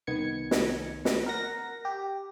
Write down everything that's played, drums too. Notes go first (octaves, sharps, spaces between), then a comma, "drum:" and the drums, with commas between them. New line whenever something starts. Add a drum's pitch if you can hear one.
C2 D#3 B3 G#6 C#7
drum: snare
drum: snare
A#4 F#5 A#6
G4